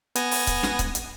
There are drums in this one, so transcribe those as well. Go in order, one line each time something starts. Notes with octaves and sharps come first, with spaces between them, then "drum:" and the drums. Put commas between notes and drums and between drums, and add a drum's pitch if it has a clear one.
B3 G#5 A#6, drum: hi-hat
drum: open hi-hat
drum: kick C#1, hi-hat
drum: snare
drum: kick C#1, hi-hat
drum: hi-hat